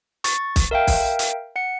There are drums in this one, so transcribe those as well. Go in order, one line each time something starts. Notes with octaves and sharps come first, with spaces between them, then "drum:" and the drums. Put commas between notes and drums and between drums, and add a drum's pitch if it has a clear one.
C#6 A6, drum: hi-hat
drum: kick B1, hi-hat
A#4 E5 F5 G5
drum: kick B1, open hi-hat
drum: hi-hat
F#5 C#7